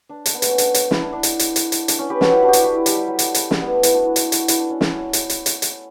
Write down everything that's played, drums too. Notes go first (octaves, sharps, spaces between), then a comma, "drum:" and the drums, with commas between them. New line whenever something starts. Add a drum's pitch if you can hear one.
D4
D4, drum: hi-hat
B3
A3, drum: hi-hat
C#4
D4, drum: hi-hat
drum: hi-hat
E4, drum: snare
D4
D4
drum: hi-hat
drum: hi-hat
drum: hi-hat
drum: hi-hat
D4, drum: hi-hat
C#4
G4 B4
F#4 A4, drum: snare
E4 G4
D4 F#4
G4
D4 F#4, drum: hi-hat
E4 G4
E4
G3, drum: hi-hat
G3
F#3
G3, drum: hi-hat
drum: hi-hat
G3, drum: snare
B3
A3
E4, drum: hi-hat
D4 F#4
E4
drum: hi-hat
drum: hi-hat
E4, drum: hi-hat
D4
C#4
C#4, drum: snare
drum: hi-hat
drum: hi-hat
drum: hi-hat
drum: hi-hat